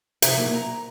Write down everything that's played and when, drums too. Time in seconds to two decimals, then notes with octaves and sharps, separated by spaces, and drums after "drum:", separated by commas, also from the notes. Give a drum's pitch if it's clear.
0.22 F2 C3 D#4 E5, drum: hi-hat
0.37 F#3 A#3 E4
0.54 A#5